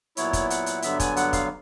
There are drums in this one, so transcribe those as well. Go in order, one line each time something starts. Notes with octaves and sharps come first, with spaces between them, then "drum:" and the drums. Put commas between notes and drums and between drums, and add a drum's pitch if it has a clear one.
A#2 F#3 B3 E4 C#5, drum: hi-hat
drum: kick, hi-hat
F#5, drum: hi-hat
drum: hi-hat
G2 D3 F#3 B3 E5, drum: hi-hat
G#5, drum: kick, hi-hat
F#5, drum: hi-hat
F5, drum: kick, hi-hat